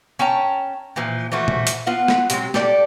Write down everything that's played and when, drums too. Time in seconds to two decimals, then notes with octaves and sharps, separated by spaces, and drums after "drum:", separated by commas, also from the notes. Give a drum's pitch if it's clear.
0.19 C#4 G5 A5 A#5
0.96 A#2 E3 F3
1.32 E3 F3 A3 F#4
1.48 drum: tom A#2
1.67 drum: hi-hat
1.87 B3 F4 F#5
2.08 drum: snare
2.30 C3 F#3 G#3 C4, drum: hi-hat
2.54 G4 A4 D5, drum: snare